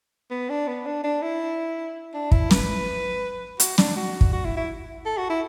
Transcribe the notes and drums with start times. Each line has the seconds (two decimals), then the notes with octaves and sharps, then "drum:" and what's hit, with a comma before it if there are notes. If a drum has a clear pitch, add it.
0.31 B3
0.50 D4
0.67 B3
0.86 D4
1.04 D4
1.22 E4
2.14 D4
2.32 E4, drum: kick
2.51 B4, drum: snare
3.60 F#4, drum: hi-hat
3.78 D4, drum: snare
3.96 F#4
4.21 drum: kick
4.33 F#4
4.45 E4
4.57 E4
5.06 A4
5.18 F#4
5.30 E4